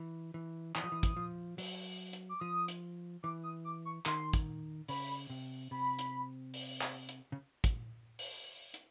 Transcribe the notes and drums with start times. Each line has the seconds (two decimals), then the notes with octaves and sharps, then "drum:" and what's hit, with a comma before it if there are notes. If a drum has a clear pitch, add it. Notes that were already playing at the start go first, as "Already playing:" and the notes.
Already playing: E3
0.34 E3
0.76 E3 D#6, drum: clap
0.84 F3
0.92 E3
1.03 drum: kick, hi-hat
1.17 F3
1.58 F#3, drum: open hi-hat
2.13 drum: hi-hat
2.29 D6
2.41 F3 D#6
2.68 drum: hi-hat
3.23 E3 D6
3.43 D#6
3.65 D6
3.85 C#6
4.06 D#3 C6, drum: clap
4.33 drum: kick, hi-hat
4.88 C#3 B5, drum: open hi-hat
5.30 C3
5.71 C3 B5
5.99 drum: hi-hat
6.54 drum: open hi-hat
6.81 drum: clap
7.09 drum: hi-hat
7.32 C#3
7.64 drum: kick, hi-hat
8.19 drum: open hi-hat
8.74 drum: hi-hat